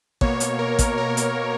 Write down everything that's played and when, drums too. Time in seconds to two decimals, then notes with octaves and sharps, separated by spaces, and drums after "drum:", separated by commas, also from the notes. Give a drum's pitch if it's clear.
0.21 B2 A#3 C#5, drum: kick
0.40 drum: hi-hat
0.59 A#4
0.79 drum: kick, hi-hat
0.98 A#4
1.17 drum: hi-hat